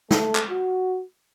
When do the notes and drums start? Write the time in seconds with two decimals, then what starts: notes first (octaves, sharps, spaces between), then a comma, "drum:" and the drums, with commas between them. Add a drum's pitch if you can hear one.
0.11 A3, drum: snare
0.35 drum: clap
0.50 F#4